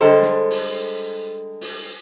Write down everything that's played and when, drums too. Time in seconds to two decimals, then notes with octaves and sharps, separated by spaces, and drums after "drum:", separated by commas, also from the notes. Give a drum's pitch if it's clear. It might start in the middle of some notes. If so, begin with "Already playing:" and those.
0.01 D3 G3 G#3 A4 C5
0.22 drum: snare
0.50 drum: open hi-hat
1.61 drum: open hi-hat